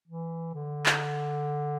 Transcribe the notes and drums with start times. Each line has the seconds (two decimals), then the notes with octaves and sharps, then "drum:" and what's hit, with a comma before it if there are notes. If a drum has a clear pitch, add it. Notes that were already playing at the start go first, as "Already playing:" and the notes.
0.08 E3
0.54 D3
0.86 drum: clap